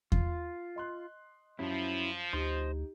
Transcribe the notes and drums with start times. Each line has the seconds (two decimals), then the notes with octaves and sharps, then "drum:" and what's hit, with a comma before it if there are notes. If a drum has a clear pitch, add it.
0.12 F4, drum: kick E2
0.76 D#5 C6 F#6
1.59 F#2 F3 F#3 C#4 E4
2.33 D2 D#4 G4 C5 D#5